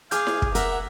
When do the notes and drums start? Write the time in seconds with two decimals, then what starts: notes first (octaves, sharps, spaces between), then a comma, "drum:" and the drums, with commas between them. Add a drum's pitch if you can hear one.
0.11 G#4 F5 D6 G6, drum: hi-hat
0.27 drum: snare E4
0.42 drum: kick
0.55 A#4 E5 F#5, drum: hi-hat